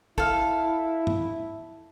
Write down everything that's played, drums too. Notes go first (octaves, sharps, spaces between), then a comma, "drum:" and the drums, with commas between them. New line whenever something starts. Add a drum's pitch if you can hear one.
E4 A4 F5, drum: kick
drum: tom